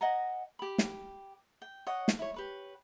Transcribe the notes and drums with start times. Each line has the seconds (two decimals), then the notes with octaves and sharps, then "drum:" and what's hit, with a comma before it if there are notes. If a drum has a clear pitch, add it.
0.01 D#5 F#5 G#5 A#5
0.59 G4 B5
0.78 drum: snare
1.62 G5
1.87 C#5 D#5 F#5
2.08 drum: snare
2.19 E4 C#5
2.34 G4 B4 C#5